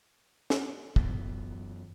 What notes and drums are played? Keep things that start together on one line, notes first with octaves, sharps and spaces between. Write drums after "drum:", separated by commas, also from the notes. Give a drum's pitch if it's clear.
drum: snare
F#2 E3 B3, drum: kick